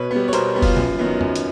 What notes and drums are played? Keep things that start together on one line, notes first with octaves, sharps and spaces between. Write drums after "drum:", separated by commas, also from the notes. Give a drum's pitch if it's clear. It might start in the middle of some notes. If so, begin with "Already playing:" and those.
Already playing: B2 B4 C#5
G3 B3
C#5
B2 A#4 C5, drum: hi-hat
G3 B3
F4, drum: kick, open hi-hat
F#2, drum: tom B2
D#3 F#3 B3
F#2, drum: tom F2
drum: hi-hat